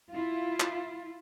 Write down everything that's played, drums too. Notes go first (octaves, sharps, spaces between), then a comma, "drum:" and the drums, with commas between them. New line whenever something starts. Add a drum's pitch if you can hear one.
E4 F4
drum: clap